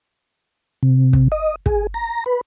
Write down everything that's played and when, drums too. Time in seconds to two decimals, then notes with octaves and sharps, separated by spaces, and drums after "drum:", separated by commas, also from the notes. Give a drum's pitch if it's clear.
0.83 C3
1.13 drum: kick
1.32 D#5
1.66 G#4, drum: kick
1.94 A#5
2.26 B4